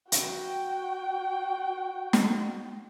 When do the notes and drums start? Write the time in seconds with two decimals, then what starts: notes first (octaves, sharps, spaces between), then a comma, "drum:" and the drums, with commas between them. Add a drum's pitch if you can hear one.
0.12 F#4 G5, drum: hi-hat
2.13 drum: snare